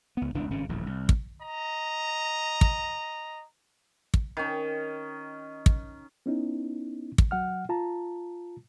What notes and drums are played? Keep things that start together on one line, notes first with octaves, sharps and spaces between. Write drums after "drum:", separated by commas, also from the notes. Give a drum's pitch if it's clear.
C#2 B3
E1 C#2 E3 D4
G#1 G2 C#3 C#4
D#1 A#1 E2 A2
C2
drum: kick
D#5 A#5
drum: kick
drum: kick
D#3 C#4
drum: kick
B3 C#4 D#4 E4
drum: kick
F#3 F#5 F6
F4 A5 A#5